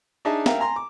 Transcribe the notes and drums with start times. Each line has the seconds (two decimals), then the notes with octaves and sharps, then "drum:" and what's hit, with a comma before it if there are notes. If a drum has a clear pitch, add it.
0.25 D4 D#4 G#4 D#5 E5 A5
0.46 A#4 E5 F5 G5 A#5, drum: snare
0.60 G#5 A#5 C6
0.76 D6